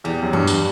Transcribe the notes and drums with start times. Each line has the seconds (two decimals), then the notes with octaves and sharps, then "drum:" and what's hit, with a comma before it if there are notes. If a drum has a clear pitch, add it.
0.04 E2 G3
0.23 F#2
0.33 G2 F#4
0.47 drum: tambourine